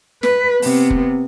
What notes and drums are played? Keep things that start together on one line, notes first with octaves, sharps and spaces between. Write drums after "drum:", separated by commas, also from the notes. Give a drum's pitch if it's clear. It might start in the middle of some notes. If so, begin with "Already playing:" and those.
B4, drum: snare
C3 B3, drum: open hi-hat
drum: kick F1